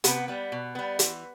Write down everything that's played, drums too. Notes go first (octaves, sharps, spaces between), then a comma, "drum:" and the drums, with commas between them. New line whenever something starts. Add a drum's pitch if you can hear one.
C3 B3 B4, drum: hi-hat
G3 B3
B2
G3 B3
E3, drum: hi-hat